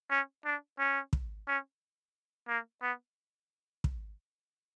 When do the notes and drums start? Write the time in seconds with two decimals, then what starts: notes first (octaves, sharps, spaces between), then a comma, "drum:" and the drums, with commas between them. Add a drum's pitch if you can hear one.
0.10 C#4
0.45 D4
0.79 C#4
1.13 drum: kick
1.47 C#4
2.48 A#3
2.82 B3
3.84 drum: kick